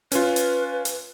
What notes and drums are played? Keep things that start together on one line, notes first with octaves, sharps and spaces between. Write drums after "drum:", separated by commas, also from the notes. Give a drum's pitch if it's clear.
C#4 F4 B4, drum: hi-hat
drum: hi-hat
drum: hi-hat